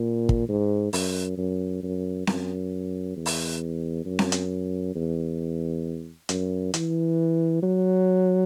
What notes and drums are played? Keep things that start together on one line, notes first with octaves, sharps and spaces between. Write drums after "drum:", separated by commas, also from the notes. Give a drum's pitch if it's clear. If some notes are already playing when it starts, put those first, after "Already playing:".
Already playing: A#2
drum: kick
G#2
F#2, drum: open hi-hat
F#2
F#2
F#2, drum: snare C4
E2
drum: open hi-hat
F#2
drum: snare C4
drum: hi-hat
E2
F#2, drum: hi-hat
E3, drum: hi-hat
F#3